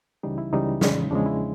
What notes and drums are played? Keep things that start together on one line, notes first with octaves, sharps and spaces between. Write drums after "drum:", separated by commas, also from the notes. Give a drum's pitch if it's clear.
C#2 C#3 E3 G3 D#4
E4
C#2 C#3 E3 G3 D#4
E2 C#3 F3 G#3, drum: snare
E2 C#3 F3 G#3 D4
E4